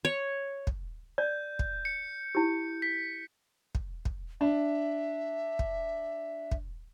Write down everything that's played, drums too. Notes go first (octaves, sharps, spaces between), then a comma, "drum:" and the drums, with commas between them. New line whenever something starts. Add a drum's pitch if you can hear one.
C#5
drum: kick
D5 G6
drum: kick
C#7
E4 G4
B6
drum: kick
drum: kick
D4 E5
drum: kick
drum: kick